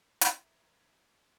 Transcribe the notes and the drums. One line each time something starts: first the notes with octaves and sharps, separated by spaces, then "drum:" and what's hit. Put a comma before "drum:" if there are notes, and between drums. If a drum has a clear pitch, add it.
E3 A#4 C5 E5 G#6, drum: hi-hat